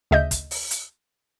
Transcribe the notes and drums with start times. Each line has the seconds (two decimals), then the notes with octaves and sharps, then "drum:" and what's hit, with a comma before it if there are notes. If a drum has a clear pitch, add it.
0.11 D2 C#3 D#5 E5 G6
0.31 drum: kick, hi-hat
0.51 drum: open hi-hat
0.71 drum: hi-hat